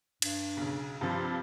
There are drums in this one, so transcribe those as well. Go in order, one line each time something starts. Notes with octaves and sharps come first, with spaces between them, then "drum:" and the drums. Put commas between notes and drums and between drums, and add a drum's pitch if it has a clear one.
G2, drum: cymbal
B1 C#3
G2 C3 F3 C5